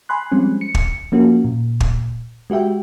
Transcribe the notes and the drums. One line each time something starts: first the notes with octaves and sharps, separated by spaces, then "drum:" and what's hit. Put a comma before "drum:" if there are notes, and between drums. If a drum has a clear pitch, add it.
G#5 B5 C6 F#6
F3 G3 G#3 C4 C#4
C#7
drum: kick
F3 A#3 C#4 F#4
A#2
drum: kick
G#3 F#4 G4 E5 G5